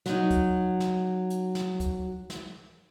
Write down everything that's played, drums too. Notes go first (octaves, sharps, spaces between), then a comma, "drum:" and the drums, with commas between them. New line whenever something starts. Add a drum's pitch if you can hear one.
F#3 D#4, drum: snare
drum: kick, hi-hat
drum: snare
drum: hi-hat
drum: snare
drum: kick, hi-hat
drum: snare